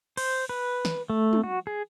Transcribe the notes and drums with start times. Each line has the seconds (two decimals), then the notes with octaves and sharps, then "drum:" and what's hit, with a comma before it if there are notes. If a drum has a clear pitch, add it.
0.17 C5, drum: cymbal
0.49 B4
0.85 drum: snare
1.10 A3
1.33 drum: tom
1.44 F#4
1.67 G#4